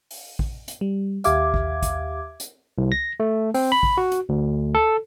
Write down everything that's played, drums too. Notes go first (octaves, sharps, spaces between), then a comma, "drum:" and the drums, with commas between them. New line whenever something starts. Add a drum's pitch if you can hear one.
drum: open hi-hat
drum: kick
drum: hi-hat
G3
D#2 G4 E5 F5 D6 G#6, drum: hi-hat
drum: kick
drum: kick, hi-hat
drum: hi-hat
C2
A#6
A3
C4, drum: open hi-hat
B5
drum: kick
F#4
drum: hi-hat
D2
A4